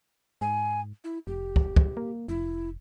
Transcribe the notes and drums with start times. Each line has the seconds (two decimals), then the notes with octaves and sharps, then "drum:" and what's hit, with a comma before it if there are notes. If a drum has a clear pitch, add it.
0.41 G#2 G#5
1.04 E4
1.27 F1 G4
1.56 drum: kick
1.76 drum: kick
1.97 A#3
2.28 F1 E4